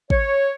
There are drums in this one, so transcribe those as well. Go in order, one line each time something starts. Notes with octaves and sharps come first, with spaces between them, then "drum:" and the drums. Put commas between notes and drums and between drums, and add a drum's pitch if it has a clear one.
C#5, drum: kick G#1